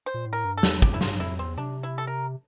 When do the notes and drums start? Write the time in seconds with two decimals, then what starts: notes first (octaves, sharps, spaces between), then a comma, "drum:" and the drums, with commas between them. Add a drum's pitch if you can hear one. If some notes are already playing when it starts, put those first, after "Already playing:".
0.06 C5
0.14 A#2
0.26 A2
0.33 A#4
0.45 G2
0.58 A4
0.63 E2, drum: snare
0.82 F2 G4, drum: kick
0.94 E4
1.01 G2 F4, drum: snare
1.20 F2 E4
1.39 E2 C4
1.58 C3 D4
1.83 E4
1.98 A4
2.07 A#4